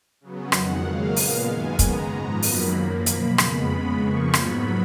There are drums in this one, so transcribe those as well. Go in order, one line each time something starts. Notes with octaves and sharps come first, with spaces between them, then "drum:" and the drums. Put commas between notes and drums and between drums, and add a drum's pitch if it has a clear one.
C#3 F#3 B3
F2 D#3 G#3 F#5, drum: rim click
C#3 F#3 A#3 F5
A#2 G#3 B3, drum: open hi-hat
F#2 D#3 G#3 B3 G#5
C#3 G#3 B3 A#5, drum: kick, hi-hat
G#2 F3 B3
F#2 D#3 F#3 A#3 B5, drum: open hi-hat
F#2 F3 A#3
B2 A#3 B5, drum: hi-hat
F2 C#3 G#3 B3 B5, drum: rim click
C#3 G#3 B3 B5
F2 C#3 F3 A#3 C#6
G#2 F#3 B3 B5, drum: rim click